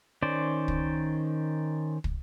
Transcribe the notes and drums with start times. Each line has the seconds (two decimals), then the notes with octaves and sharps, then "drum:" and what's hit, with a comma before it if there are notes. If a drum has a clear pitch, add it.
0.23 D#3 C#4 C5 D5
0.68 drum: kick
2.04 drum: kick